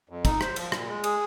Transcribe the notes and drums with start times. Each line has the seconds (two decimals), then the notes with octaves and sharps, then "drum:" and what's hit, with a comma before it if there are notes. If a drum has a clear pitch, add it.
0.09 F2
0.25 D#4, drum: kick, cymbal
0.41 C5, drum: rim click
0.56 F3, drum: cymbal
0.72 A#2, drum: rim click
0.88 G#3
1.04 G#4, drum: cymbal